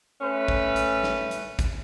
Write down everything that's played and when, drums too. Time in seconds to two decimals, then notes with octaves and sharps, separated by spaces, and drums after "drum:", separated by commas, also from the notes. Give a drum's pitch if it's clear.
0.21 A3 C#4 B4
0.48 drum: kick A1
0.76 drum: hi-hat
1.04 drum: snare
1.31 drum: hi-hat
1.59 drum: kick A1, hi-hat